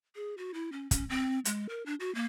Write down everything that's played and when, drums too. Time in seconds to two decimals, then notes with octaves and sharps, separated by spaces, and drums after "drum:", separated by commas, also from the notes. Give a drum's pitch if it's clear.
0.15 G#4
0.38 F#4
0.54 E4
0.72 C#4
0.91 C#4, drum: kick, hi-hat
1.09 C4
1.45 G#3, drum: hi-hat
1.69 A#4
1.86 D4
2.00 F#4
2.15 A#3